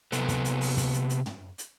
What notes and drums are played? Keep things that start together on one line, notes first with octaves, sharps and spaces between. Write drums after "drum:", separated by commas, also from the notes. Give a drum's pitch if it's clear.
C3 B3 A4, drum: hi-hat
drum: kick, hi-hat
drum: hi-hat
drum: open hi-hat
drum: kick, hi-hat
drum: hi-hat
drum: hi-hat
drum: tom
drum: hi-hat